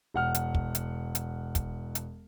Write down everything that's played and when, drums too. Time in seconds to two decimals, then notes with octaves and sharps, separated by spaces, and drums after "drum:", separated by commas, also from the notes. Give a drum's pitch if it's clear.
0.14 E1 F#5 F6
0.34 drum: hi-hat
0.55 drum: kick
0.75 drum: hi-hat
1.15 drum: hi-hat
1.55 drum: kick, hi-hat
1.95 drum: hi-hat